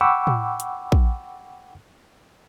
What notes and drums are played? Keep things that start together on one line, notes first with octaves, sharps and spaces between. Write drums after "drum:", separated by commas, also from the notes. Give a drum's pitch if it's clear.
F#5 G5 B5 C#6 D6 E6
drum: tom A2
drum: hi-hat
drum: kick A#1